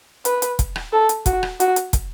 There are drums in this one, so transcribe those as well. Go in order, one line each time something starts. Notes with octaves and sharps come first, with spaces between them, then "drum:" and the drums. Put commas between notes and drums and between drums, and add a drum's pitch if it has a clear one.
B4, drum: hi-hat
drum: hi-hat
drum: kick, hi-hat
drum: rim click
A4
drum: hi-hat
F#4, drum: kick, hi-hat
drum: rim click
F#4, drum: hi-hat
drum: hi-hat
drum: kick, hi-hat